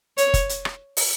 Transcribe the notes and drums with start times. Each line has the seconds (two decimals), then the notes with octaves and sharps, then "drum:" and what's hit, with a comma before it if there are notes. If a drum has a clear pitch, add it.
0.18 C#5, drum: hi-hat
0.34 drum: kick F#1, hi-hat
0.49 drum: hi-hat
0.65 drum: rim click
0.97 drum: open hi-hat